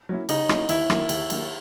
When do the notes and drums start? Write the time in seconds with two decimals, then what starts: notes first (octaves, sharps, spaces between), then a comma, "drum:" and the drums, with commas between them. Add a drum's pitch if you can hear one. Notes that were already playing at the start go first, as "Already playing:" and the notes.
0.09 F#3 A#3 C#4 E4
0.29 C#3 D#4, drum: cymbal
0.49 F#3 A#3 C#4 E4, drum: rim click
0.69 D#2 E4, drum: cymbal
0.90 D#3 F#3 A#3, drum: rim click
1.09 D#2, drum: cymbal
1.30 D#3 F#3 A#3, drum: cymbal